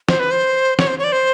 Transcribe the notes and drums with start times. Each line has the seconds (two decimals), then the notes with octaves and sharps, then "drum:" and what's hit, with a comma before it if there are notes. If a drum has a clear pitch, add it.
0.09 C5, drum: snare
0.20 B4
0.31 C5
0.79 C#5, drum: snare
0.87 C5
0.99 C#5
1.04 D5
1.12 C5